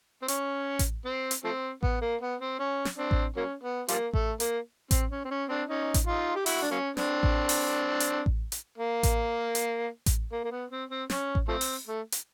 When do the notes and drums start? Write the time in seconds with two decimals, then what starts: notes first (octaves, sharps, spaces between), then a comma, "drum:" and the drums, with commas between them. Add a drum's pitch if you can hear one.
0.22 C4
0.28 C#4, drum: hi-hat
0.79 drum: kick A1, hi-hat
1.05 C4
1.31 drum: hi-hat
1.44 F3 A3 C4
1.83 B3, drum: kick A1
2.02 A#3
2.21 B3
2.41 C4
2.59 C#4
2.85 drum: snare
2.98 C4 D4
3.11 drum: kick A1
3.36 F#3 A#3 C#4
3.63 B3
3.88 F3 G3 A#3, drum: hi-hat
4.13 A3, drum: kick A1
4.40 A#3, drum: hi-hat
4.91 C4, drum: kick A1, hi-hat
5.10 C#4
5.25 C4
5.31 C#4
5.49 C4 D4
5.69 C#4 D#4
5.94 drum: kick A1, hi-hat
6.07 D#4 F4
6.35 G4
6.46 E4 F#4, drum: open hi-hat
6.62 D4
6.71 F#3 A#3 C#4
6.97 C4 D4, drum: snare
7.23 drum: kick A1
7.49 drum: open hi-hat
8.00 drum: hi-hat
8.26 drum: kick A1
8.52 drum: hi-hat
8.78 A#3
9.03 drum: kick A1, hi-hat
9.55 drum: hi-hat
10.06 drum: kick A1, hi-hat
10.32 A#3
10.44 A#3
10.51 B3
10.70 C4
10.90 C4
11.10 C#4, drum: snare
11.35 drum: kick A1
11.48 F3 A3 C4
11.61 drum: open hi-hat
11.87 A3
12.12 drum: hi-hat